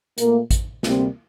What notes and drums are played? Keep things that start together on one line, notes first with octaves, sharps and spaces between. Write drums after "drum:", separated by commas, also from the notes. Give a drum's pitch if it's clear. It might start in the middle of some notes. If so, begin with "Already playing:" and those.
A#2 A3 A#3, drum: hi-hat
drum: kick A1, hi-hat
D2 C3 G3 A#3 C4, drum: snare